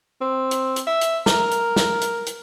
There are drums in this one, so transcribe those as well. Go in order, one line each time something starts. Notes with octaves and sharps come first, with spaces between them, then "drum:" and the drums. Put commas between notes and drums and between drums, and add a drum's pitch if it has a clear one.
C4
drum: hi-hat
drum: hi-hat
E5
drum: hi-hat
A#4, drum: snare
drum: hi-hat
drum: snare
drum: hi-hat
drum: hi-hat